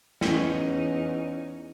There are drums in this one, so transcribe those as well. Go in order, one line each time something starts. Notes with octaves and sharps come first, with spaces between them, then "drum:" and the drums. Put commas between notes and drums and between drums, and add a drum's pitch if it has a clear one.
E2 C#4 D#4, drum: snare